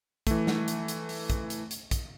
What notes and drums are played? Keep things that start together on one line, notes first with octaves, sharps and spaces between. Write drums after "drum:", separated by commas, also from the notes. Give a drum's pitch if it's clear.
E3 A3, drum: kick, hi-hat
drum: snare
drum: hi-hat
drum: hi-hat
drum: open hi-hat
drum: kick, hi-hat
drum: hi-hat
drum: hi-hat
drum: kick, hi-hat